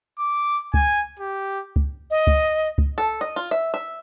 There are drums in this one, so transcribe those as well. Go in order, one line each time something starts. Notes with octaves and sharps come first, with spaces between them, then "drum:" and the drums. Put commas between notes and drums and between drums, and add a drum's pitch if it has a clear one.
D6
G#5, drum: kick C#2
G4
drum: kick C#2
D#5
drum: kick C#2
drum: kick C#2
A4
D#5
F4
E5
E5